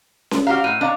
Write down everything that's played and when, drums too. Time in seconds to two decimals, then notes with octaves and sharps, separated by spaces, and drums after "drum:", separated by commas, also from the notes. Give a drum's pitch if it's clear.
0.31 drum: snare C#4
0.47 F#4 G4 F5 A#5 F6
0.64 A2 D#7
0.81 D4 C#5 D#5 F5 A#5